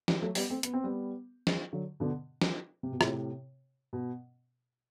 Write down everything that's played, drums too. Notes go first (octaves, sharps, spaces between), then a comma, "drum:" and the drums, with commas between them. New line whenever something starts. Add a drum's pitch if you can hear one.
E3 G3, drum: snare
F#3 A3
G3 B3, drum: open hi-hat
A3 C4
B3, drum: hi-hat
C4
G3 B3
drum: snare
D3 F#3
B2 D3
drum: snare
C3
B2
A2 C3, drum: rim click
B2